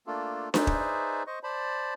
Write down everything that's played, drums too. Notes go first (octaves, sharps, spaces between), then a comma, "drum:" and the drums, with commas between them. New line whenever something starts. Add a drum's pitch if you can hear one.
A3 A#3 D4 F4 A4
D#4 G#4 B4 C5 D5 E5, drum: snare D4
drum: kick
C5 D#5 C#6
C5 D5 A5 B5